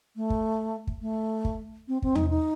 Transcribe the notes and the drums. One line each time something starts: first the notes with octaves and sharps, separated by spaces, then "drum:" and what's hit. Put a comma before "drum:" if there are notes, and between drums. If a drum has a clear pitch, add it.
A3
drum: kick
drum: kick
A3
drum: kick
C4
C4, drum: kick
D#4, drum: tom E2
D#4